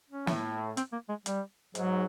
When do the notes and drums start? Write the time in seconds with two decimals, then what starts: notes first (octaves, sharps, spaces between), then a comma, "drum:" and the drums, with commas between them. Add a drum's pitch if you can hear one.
0.10 C#4
0.27 A2, drum: snare
0.77 C4, drum: hi-hat
0.92 A#3
1.09 G#3
1.26 G3, drum: hi-hat
1.75 G#2 F#3, drum: hi-hat